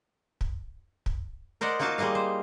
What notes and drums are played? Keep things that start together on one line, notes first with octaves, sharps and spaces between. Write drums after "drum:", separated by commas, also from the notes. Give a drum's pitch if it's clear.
drum: kick
drum: kick
A#4 C5 D5 D#5 F#5
A#3 D#4 F4 F#4 F5 A5
G3 G#3 A#3 D#5 F5
C5